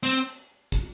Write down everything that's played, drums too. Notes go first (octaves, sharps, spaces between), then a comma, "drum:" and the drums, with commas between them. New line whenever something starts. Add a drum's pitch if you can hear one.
C4
drum: hi-hat
drum: kick, hi-hat